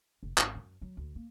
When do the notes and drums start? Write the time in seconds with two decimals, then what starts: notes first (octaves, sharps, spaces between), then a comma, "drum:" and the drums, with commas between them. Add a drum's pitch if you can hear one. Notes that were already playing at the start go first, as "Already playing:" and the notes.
0.23 F1
0.38 G#1, drum: clap
0.55 F#2
0.81 F#3
0.97 D2
1.15 A#3